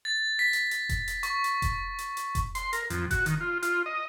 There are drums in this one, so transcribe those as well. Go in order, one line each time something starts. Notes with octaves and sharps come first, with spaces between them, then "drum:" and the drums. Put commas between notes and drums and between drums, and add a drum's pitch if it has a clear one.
A6
B6
drum: hi-hat
drum: hi-hat
drum: kick F1, hi-hat
drum: hi-hat
C#6, drum: hi-hat
drum: hi-hat
drum: kick F1, hi-hat
drum: hi-hat
drum: hi-hat
drum: kick F1, hi-hat
C6, drum: hi-hat
A#4, drum: hi-hat
F2, drum: hi-hat
F#4, drum: kick F1, hi-hat
D#3, drum: hi-hat
F4
F4, drum: hi-hat
D#5